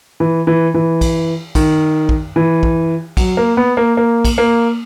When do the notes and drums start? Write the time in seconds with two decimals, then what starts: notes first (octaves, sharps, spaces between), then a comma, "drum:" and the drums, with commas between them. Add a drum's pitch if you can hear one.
0.20 E3
0.47 E3
0.74 E3
1.01 drum: kick, cymbal
1.55 D#3, drum: kick, cymbal
2.09 drum: kick
2.36 E3
2.63 drum: kick
3.17 F#3, drum: kick, cymbal
3.37 A#3
3.57 B3
3.77 A#3
3.97 A#3
4.25 drum: kick, cymbal
4.38 A#3